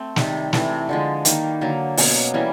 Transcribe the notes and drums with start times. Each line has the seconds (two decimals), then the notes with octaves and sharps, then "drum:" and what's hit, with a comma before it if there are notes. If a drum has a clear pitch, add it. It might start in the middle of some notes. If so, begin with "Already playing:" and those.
Already playing: A3 C4
0.16 C3 D#3 G3, drum: snare
0.53 C3 E3 A3, drum: snare
0.89 D3 F3 G#3
1.25 D#3 G3 A#3 D#4, drum: hi-hat
1.61 D3 F#3 A#3
1.97 B2 F#3 A#3 C#4, drum: open hi-hat
2.34 E3 G3 A#3 C#4